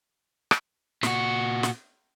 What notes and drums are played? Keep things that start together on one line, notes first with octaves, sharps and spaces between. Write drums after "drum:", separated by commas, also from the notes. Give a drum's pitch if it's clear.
drum: rim click
A#2 F#4, drum: snare
drum: snare